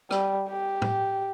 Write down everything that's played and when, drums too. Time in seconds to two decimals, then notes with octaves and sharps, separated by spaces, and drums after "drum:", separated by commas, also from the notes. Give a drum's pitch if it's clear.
0.11 G3, drum: rim click
0.49 G4
0.82 drum: tom A2